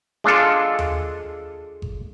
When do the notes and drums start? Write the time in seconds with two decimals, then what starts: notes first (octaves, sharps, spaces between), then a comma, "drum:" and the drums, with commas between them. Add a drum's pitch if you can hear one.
0.24 G#3 D4 F4 A4
0.79 drum: tom D#2
1.82 drum: kick G1